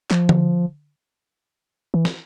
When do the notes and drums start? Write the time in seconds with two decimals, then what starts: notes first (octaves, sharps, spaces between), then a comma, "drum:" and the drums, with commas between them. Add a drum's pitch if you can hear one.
0.11 F3, drum: clap
0.29 drum: tom D3
1.94 E3
2.05 drum: snare